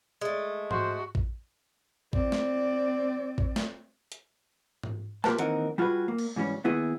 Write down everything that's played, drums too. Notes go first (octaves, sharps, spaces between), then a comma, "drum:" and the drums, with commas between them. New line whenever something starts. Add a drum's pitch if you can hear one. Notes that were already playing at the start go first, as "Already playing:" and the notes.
G#3 A3
F#4 C5, drum: tom G#2
drum: kick A1
C4 D5, drum: kick A1
drum: snare
drum: kick A1
drum: snare
drum: hi-hat
drum: tom G#2
A#3 F4 G4 A#4 B4 A5, drum: snare
D#2 E3 C4 D#4 A#4 F#5, drum: hi-hat
G3 F4 F#4 G#4 B4
A#3
drum: cymbal
G#2 E3 G3 C#4
D#2 B3 E4 G#4